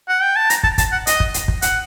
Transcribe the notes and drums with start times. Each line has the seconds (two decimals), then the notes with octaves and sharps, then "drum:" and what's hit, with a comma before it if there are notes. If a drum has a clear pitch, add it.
0.08 F#5
0.22 G5
0.36 A5
0.50 A#5, drum: hi-hat
0.63 A5, drum: kick
0.78 A5, drum: kick, hi-hat
0.92 F#5
1.07 D#5, drum: hi-hat
1.20 drum: kick
1.34 drum: hi-hat
1.48 drum: kick
1.62 F#5, drum: hi-hat